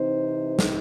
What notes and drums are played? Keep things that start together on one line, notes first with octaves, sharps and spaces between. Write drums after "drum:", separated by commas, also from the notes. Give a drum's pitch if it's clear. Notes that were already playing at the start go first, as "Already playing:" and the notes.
Already playing: C3 E3 C4 D#4 C5
drum: snare